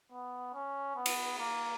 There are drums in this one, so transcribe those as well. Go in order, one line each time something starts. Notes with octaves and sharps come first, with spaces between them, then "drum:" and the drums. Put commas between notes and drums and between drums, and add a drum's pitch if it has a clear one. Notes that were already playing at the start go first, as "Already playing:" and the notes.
B3
C#4
B3
drum: cymbal
A#3